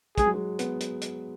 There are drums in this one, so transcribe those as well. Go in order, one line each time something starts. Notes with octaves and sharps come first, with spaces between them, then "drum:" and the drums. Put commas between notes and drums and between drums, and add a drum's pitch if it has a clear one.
G#3 G#4, drum: kick, hi-hat
F#3
G#3
B3, drum: hi-hat
drum: hi-hat
drum: hi-hat